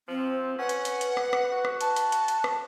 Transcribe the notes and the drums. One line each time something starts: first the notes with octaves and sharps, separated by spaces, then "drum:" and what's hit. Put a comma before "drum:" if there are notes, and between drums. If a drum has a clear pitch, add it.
F3 C4
C#4 B4 F#5
drum: hi-hat
drum: hi-hat
drum: hi-hat
drum: rim click
drum: rim click
F#4
drum: rim click
A5, drum: hi-hat
drum: hi-hat
drum: hi-hat
drum: hi-hat
drum: rim click